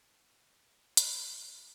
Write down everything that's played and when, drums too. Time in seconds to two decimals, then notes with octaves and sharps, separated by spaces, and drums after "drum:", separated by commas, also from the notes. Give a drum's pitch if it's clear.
0.08 A4 G5
0.97 drum: hi-hat